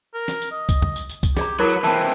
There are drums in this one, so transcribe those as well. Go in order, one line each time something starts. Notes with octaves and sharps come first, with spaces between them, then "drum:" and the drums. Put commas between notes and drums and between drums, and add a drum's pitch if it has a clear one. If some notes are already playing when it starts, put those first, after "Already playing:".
A#4
drum: snare
drum: tambourine
D#5
drum: kick C2, tambourine
drum: tom E2
drum: tambourine
drum: tambourine
drum: kick C2, tambourine
G4 G#4 D5 A#5, drum: snare
F#3 E4 A#4 B4 D6
E3 C4 A5